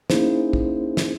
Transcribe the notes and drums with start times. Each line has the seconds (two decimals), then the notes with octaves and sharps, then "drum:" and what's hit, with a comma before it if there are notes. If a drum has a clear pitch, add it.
0.10 A#3 C#4 D#4 E4 G#4 C5, drum: snare
0.53 drum: kick
0.97 drum: snare